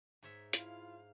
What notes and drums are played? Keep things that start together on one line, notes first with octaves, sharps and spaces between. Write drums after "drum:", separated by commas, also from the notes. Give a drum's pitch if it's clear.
G#2 C#5 E5
E4 F4 F5, drum: hi-hat